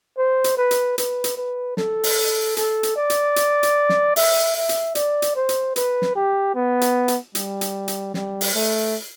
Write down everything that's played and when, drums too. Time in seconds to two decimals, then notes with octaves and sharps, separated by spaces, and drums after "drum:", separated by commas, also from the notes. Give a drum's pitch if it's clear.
0.17 C5
0.44 drum: hi-hat
0.57 B4
0.71 drum: hi-hat
0.98 B4, drum: hi-hat
1.24 drum: hi-hat
1.37 B4
1.77 A4, drum: snare
2.04 drum: open hi-hat
2.57 A4, drum: hi-hat
2.83 drum: hi-hat
2.96 D5
3.10 drum: hi-hat
3.36 drum: hi-hat
3.63 drum: hi-hat
3.89 drum: snare
4.16 E5, drum: open hi-hat
4.56 E5
4.69 drum: hi-hat
4.95 D5, drum: hi-hat
5.22 drum: hi-hat
5.36 C5
5.49 drum: hi-hat
5.76 B4, drum: hi-hat
6.02 drum: snare
6.15 G4
6.55 B3
6.81 drum: hi-hat
7.08 drum: hi-hat
7.35 G3, drum: hi-hat
7.61 drum: hi-hat
7.88 drum: hi-hat
8.14 G3, drum: snare
8.41 drum: open hi-hat
8.54 A3